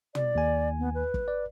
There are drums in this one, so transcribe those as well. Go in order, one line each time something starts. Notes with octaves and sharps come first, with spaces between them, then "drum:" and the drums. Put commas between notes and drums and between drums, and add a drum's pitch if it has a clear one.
D5, drum: tom
D#2 G#5
B3
B4
drum: kick
D5